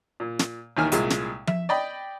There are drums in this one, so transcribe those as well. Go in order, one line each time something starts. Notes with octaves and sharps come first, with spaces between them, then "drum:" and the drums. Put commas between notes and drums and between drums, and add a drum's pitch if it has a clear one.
A#2
drum: snare
A1 D#2 D#3 G#5 F6
C2 A#2 G#3, drum: hi-hat
drum: snare
E5, drum: tom F3
D5 D#5 G5 B5